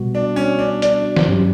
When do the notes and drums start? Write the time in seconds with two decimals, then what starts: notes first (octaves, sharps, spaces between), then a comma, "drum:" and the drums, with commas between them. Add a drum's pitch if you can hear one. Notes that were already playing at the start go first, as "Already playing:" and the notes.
Already playing: B2 G3 B3 F#4
0.15 D4
0.36 C#4
0.59 D4
0.82 D4, drum: hi-hat
1.16 drum: snare
1.27 G2 F#3 C#4 G4 D5